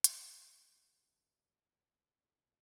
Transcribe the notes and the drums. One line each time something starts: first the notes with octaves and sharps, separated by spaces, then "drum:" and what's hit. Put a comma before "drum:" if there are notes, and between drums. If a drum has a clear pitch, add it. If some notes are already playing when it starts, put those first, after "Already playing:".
drum: hi-hat
E4
D#2 D#4 F#4
E4 G#4
C#3 F#3 B3 F#4 A4
A4 C#5
D#2 E5
C#5 E5
C#3 F#3 B3 C#5 E5
F#2 A4 C#5
A4 C#5